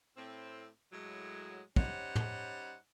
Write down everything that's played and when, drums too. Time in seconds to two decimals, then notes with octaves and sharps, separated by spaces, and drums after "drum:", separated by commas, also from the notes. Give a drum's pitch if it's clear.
0.16 A2 C4
0.92 A2 F#3 G#3
1.76 G3 C#4 D#4 C5 C#5 F#5, drum: kick
2.15 drum: tom